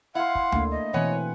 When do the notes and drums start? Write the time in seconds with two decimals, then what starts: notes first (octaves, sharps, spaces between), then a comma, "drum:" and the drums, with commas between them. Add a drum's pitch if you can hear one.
0.15 E4 F5 F#5 C6
0.35 drum: kick
0.52 A3 A#3 D4, drum: tom D2
0.71 D#5
0.94 B2 E3 C4 B4 C#5 F#5 G#5